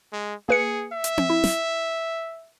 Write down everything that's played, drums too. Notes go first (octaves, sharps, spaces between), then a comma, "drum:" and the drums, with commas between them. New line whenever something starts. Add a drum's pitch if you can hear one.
G#3
A#3 G#4 B4 C#7
E5
drum: hi-hat
drum: tom C4
E4
drum: snare